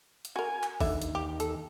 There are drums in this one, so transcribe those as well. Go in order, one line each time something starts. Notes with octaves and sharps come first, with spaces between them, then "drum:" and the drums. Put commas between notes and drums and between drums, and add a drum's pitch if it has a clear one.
drum: hi-hat
F#4 A#4 G#5
drum: clap
D#2 D3 E5, drum: kick G#1, open hi-hat
drum: hi-hat
G4
A4, drum: hi-hat